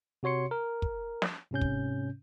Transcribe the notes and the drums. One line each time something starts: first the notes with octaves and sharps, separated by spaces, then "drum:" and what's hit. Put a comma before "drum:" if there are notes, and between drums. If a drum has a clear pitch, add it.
C3 F#4 C#5 C6 C#7
A#4
drum: kick
drum: snare
G#2 C3 C#4 G6
drum: kick